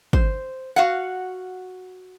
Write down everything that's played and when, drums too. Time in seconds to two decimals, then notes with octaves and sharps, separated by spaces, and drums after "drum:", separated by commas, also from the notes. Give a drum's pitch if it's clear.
0.13 C5, drum: kick
0.76 F#4 F5 F#5